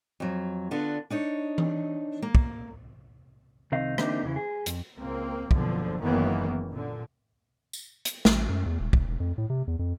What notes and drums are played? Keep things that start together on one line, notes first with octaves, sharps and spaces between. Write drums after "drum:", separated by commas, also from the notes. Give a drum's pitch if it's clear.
F2 F#3
D3 B3 D4 F4
D4 D#4 C#5
drum: tom E3
A#3
drum: kick
C2 D#3 C4 D#4 F5
D3 E3 A#3 C4 D4 D#4, drum: rim click
E2 C#3 E3
G#4
F2, drum: hi-hat
C#2 A#3 C4
F#1 B2 D3 F3, drum: kick
F#1 F#2 D#3 E3 A#3 B3
A#2 D3
drum: tambourine
drum: hi-hat
A1, drum: snare
F#2
E2
D#1
E1, drum: kick
E1
F2
A2
C3
E2
F2